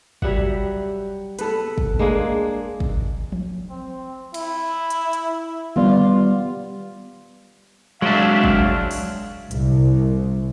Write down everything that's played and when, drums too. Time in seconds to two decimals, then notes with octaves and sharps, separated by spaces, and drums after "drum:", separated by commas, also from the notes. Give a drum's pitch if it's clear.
0.22 F#3 G3 E5 F#5, drum: kick
1.39 B3 A4 B4, drum: hi-hat
1.78 drum: kick
1.99 G#3 A#3 D4
2.80 drum: kick
3.32 drum: tom F3
3.70 C4
4.34 E4, drum: cymbal
4.90 drum: hi-hat
5.13 drum: hi-hat
5.76 G3 B3 F4 D5, drum: tom D3
8.02 F#3 G#3 D4 E5 F5
8.44 drum: kick
8.91 drum: open hi-hat
9.51 C2, drum: hi-hat